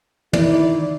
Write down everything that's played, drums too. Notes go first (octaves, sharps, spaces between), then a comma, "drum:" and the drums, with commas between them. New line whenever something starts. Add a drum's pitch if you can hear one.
D#3 E4 D5, drum: tom